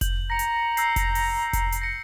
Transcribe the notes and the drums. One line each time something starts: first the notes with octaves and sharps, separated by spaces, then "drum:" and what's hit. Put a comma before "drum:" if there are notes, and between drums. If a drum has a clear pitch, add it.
G6 F#7, drum: kick F1, hi-hat
A#5 A#6 C#7
drum: hi-hat
E6 G6 C7, drum: hi-hat
drum: kick F1, hi-hat
drum: open hi-hat
drum: kick F1, hi-hat
drum: hi-hat
A#6 C#7